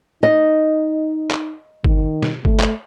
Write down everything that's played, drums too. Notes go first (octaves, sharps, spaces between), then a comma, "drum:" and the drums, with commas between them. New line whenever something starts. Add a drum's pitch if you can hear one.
D#4 D#5
drum: clap
D#3, drum: kick G1
drum: snare
A3, drum: kick G1
drum: clap